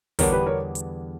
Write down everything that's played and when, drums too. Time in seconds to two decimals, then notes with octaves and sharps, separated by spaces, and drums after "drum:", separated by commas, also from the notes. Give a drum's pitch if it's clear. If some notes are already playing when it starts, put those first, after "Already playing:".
0.19 E2 D3 G3 B3 D4 A#4 C#5, drum: kick, open hi-hat
0.32 G4 B4
0.46 A#4 C#5
0.75 drum: hi-hat